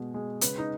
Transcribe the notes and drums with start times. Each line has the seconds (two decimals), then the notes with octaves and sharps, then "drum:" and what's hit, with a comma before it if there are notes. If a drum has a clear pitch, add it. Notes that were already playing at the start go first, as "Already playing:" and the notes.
Already playing: B2 G#3
0.14 G#3
0.41 C#3 B4, drum: hi-hat
0.58 D#4